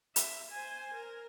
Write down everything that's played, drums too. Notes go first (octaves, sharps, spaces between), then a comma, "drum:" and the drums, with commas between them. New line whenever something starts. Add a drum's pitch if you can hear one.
E5, drum: hi-hat
C5 G#5
A#4